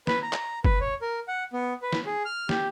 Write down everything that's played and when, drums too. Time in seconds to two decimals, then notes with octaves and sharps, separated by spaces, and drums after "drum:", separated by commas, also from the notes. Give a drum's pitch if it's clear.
0.07 B4, drum: snare
0.22 A#5
0.33 drum: clap
0.65 B4, drum: kick
0.81 C#5
1.02 A#4
1.28 F#5
1.53 B3
1.82 B4
1.93 drum: snare
2.06 G#4
2.25 F6
2.49 G4, drum: snare